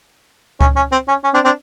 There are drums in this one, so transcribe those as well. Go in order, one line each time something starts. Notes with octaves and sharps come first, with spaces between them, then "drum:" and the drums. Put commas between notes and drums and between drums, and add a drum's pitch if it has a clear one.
C#4, drum: kick C#2
C#4
C4
C#4
C#4
C4 D4
C4 D4